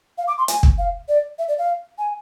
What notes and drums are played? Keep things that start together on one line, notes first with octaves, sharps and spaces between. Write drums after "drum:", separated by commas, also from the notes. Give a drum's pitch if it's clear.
F5
D6
C6
G#5, drum: hi-hat
drum: kick
F5
D5
E5
D5
F5
G#5